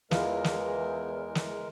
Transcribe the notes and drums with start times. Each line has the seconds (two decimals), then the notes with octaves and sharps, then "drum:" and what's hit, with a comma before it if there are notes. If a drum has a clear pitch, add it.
0.11 E2 G#3 F4 A#4, drum: snare
0.44 drum: snare
1.35 drum: snare